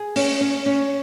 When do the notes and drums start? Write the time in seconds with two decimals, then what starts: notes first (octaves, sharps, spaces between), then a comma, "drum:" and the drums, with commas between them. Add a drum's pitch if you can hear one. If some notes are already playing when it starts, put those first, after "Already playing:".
Already playing: G#4
0.16 C#4, drum: open hi-hat
0.41 C#4
0.66 C#4